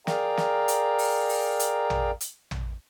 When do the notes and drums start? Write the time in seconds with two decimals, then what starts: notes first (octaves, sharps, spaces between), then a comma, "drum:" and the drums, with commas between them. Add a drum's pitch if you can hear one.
0.07 G#4 A#4 D5 F5 G5 A#5, drum: snare
0.37 drum: snare
0.68 drum: hi-hat
0.98 drum: open hi-hat
1.29 drum: open hi-hat
1.60 drum: hi-hat
1.90 drum: tom
2.21 drum: hi-hat
2.51 drum: tom